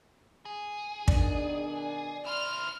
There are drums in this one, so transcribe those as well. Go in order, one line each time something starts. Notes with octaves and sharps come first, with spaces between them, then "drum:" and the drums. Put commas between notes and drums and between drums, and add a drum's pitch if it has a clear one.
G#4
B2 D#3 D4 D5, drum: kick
E4 C5 F6